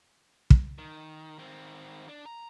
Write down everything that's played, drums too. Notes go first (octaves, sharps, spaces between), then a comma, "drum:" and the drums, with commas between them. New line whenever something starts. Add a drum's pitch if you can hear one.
drum: kick
D#3
D#3 C4
D4
A#5